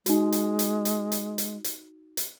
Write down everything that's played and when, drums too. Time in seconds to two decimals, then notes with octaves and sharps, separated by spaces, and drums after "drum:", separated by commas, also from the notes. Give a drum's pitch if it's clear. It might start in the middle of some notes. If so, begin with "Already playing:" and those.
0.06 G#3 D#4 F#4, drum: hi-hat
0.32 drum: hi-hat
0.59 drum: hi-hat
0.85 drum: hi-hat
1.12 drum: hi-hat
1.38 drum: hi-hat
1.64 drum: hi-hat
2.17 drum: hi-hat